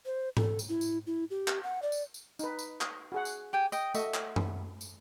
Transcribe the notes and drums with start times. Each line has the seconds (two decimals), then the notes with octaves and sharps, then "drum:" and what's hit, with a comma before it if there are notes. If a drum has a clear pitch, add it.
0.06 C5
0.37 A4, drum: tom G#2
0.59 drum: tambourine
0.69 E4
0.81 drum: tambourine
1.07 E4
1.30 G4
1.48 drum: clap
1.63 F#5
1.82 D5
1.92 drum: tambourine
2.14 drum: tambourine
2.39 D#4 B4, drum: tambourine
2.59 drum: tambourine
2.81 drum: clap
3.12 F#4 G#4 F#5
3.25 drum: tambourine
3.53 G4 G5 G#5
3.72 D#5 G5, drum: tambourine
3.94 A3 F#4 D#5 E5, drum: tambourine
4.14 drum: clap
4.36 drum: tom F#2
4.81 drum: tambourine